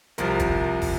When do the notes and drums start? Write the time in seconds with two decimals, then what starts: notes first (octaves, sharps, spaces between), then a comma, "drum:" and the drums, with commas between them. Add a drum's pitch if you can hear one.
0.18 C2 C3 F3 A#4, drum: hi-hat
0.39 drum: kick, hi-hat
0.82 drum: kick, open hi-hat